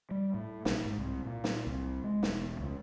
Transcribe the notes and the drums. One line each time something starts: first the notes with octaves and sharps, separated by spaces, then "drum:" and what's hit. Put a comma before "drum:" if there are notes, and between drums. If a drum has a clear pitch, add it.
G3
A2
A#1, drum: snare
G#2
C2
A#2
drum: snare
C2
G#3
E1, drum: snare
C#2